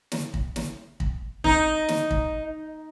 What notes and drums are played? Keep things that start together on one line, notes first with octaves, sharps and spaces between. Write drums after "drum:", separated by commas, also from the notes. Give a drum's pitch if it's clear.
drum: snare
drum: kick
drum: snare
drum: kick
D#4, drum: kick
drum: snare
drum: kick